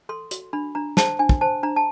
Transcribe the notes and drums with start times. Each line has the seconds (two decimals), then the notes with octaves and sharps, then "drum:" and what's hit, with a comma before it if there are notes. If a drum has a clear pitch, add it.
0.09 A4 C6
0.31 F#4, drum: hi-hat
0.53 D4 B5
0.75 D4 A#5
0.97 C5 A5, drum: snare
1.19 D4 G#5
1.29 drum: kick
1.41 C5 A5
1.63 D4 A#5
1.76 A5